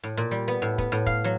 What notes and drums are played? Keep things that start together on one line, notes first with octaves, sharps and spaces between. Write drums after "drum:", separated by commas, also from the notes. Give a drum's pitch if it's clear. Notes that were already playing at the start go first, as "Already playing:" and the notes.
A2
A#2
G3
B3
A2
B3, drum: kick
A2
F5, drum: kick
F#3